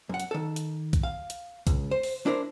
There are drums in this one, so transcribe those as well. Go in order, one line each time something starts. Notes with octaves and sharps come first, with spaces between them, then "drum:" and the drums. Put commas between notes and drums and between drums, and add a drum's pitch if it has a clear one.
F#2 F#5
drum: hi-hat
D#3 A4
drum: hi-hat
drum: kick B1, hi-hat
F5
drum: hi-hat
C#2, drum: kick B1, hi-hat
C5
drum: open hi-hat
D4 E4 A#4 C5